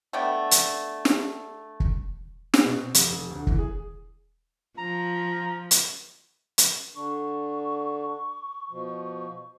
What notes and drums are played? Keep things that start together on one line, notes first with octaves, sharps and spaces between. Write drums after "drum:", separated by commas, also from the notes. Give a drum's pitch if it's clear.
A3 B3 D4 G5
drum: hi-hat
drum: snare
drum: kick
B3, drum: snare
B2
C4
F1, drum: hi-hat
F1
D2
E3, drum: kick
G#4
F3 A#5
drum: hi-hat
drum: hi-hat
D3 D4 C#6
B2 F3